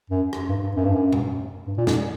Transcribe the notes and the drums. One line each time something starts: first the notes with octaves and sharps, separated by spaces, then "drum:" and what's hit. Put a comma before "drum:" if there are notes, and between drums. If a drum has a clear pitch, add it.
F#2
drum: rim click
G2
G2
F#2
G2
F#2
drum: tom A#2
G2
A#2
F#2, drum: snare